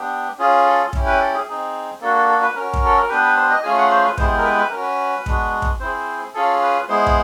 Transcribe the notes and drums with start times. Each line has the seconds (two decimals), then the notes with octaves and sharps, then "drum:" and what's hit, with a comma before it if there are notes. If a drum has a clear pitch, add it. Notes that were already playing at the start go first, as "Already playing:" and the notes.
Already playing: B3 D4 G4
0.38 C#4 F4 G#4
0.66 A4
0.93 C#4 E4 G4, drum: kick
1.06 B4
1.21 A4
1.34 G#4
1.47 C4 D#4 G#4
2.01 A#3 D4 F#4 A4
2.15 A4
2.29 A4
2.42 B4
2.55 C#4 F#4 A#4
2.73 drum: kick
2.85 A4
2.97 A#4
3.09 B3 D4 G4 B4
3.23 B4
3.36 C5
3.50 D#5
3.63 A3 C#4 F4 G#4 G#5
3.77 F#5
3.91 C5
4.04 B4
4.18 G#3 B3 E4 G4 C5, drum: kick
4.38 A#4
4.45 B4
4.58 B4
4.69 C#4 F#4 A#4
4.81 B4
5.26 G#3 B3 D4 F#4, drum: kick
5.62 drum: kick
5.80 C4 E4 G#4 C5
6.34 C#4 F4 G#4 A4
6.62 B4
6.88 G#3 B3 E4 G#4 C5
7.06 drum: kick